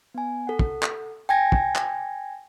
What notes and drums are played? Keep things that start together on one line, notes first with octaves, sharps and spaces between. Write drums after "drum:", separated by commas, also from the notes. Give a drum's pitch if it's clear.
B3 G#5
A4 F#5
drum: kick
drum: clap
G5 G#5 G#6 A#6
drum: kick
drum: clap